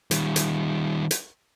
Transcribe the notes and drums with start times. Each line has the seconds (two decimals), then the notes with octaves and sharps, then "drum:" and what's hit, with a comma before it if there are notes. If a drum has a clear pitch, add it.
0.11 D#3 G3, drum: hi-hat
0.36 drum: hi-hat
1.11 drum: hi-hat